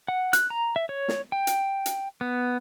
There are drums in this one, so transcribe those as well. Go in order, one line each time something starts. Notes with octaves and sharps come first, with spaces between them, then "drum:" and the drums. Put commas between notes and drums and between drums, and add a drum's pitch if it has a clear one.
F#5
F#6, drum: hi-hat
A#5
E5
C#5
drum: snare
G5
drum: hi-hat
drum: hi-hat
B3